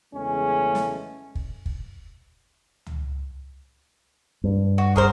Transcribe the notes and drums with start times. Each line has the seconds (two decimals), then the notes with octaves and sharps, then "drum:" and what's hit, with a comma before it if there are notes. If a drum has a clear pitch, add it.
0.14 E2 C#3 G#3 A3 C#4
0.75 drum: snare
1.35 drum: kick
1.66 drum: kick
2.86 drum: tom C#2
4.44 G2
4.78 F#4
4.96 G#4 A#4 C5, drum: kick